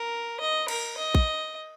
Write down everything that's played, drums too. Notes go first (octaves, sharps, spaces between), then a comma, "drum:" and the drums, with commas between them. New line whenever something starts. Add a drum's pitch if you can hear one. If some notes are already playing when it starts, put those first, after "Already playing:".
Already playing: A#4
D#5
A#4, drum: cymbal
D#5
drum: kick A#1